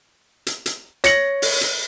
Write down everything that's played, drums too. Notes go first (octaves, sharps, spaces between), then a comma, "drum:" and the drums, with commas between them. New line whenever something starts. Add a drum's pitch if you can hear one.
drum: hi-hat
drum: hi-hat
C#5 A#6 C#7 F#7, drum: hi-hat
drum: open hi-hat
drum: hi-hat